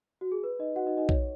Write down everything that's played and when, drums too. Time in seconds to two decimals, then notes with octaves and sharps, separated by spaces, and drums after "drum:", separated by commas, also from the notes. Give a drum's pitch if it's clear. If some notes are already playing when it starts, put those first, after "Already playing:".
0.21 F#4
0.32 G#4
0.43 B4
0.59 D#4 D#5
0.75 F#4 F#5
0.86 D#4 D#5
0.97 D#4 D#5
1.09 C#5, drum: kick